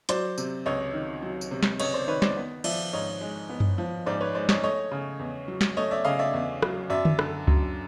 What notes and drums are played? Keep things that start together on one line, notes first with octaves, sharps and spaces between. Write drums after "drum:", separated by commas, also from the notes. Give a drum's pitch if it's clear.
F#3 C5 D5, drum: hi-hat
C3, drum: tambourine
C#2 C#5 D#5
D#3
F#3
drum: tambourine
C3
drum: snare
C#2 C#5 D#5, drum: cymbal
C5 D5
D#3 B4 C#5
C5 D5, drum: snare
B3
F3 D5 E5, drum: cymbal
G#2 C#5 D#5
G#3
B3
drum: tom F#2
F3
G#2 C5 D5
B4 C#5
G#3 C5 D5
C#5 D#5, drum: snare
A3 C#5 D#5
C#3
E2
F#3
drum: snare
A3 C#5 D#5
D5 E5
C#3 D#5 F5
D5 E5
E2
F#3, drum: rim click
F#2 D5 E5
drum: tom D3
D3, drum: rim click
F#2, drum: kick C#2